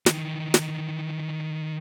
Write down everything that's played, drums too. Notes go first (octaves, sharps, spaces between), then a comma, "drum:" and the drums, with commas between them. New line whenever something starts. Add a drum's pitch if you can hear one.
D#3 E3, drum: snare
drum: snare